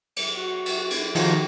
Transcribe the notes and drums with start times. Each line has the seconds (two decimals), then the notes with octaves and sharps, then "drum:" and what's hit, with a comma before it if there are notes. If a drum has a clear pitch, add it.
0.16 drum: cymbal
0.36 F#4
0.66 drum: cymbal
0.90 drum: cymbal
1.15 D#3 F3 F#4, drum: cymbal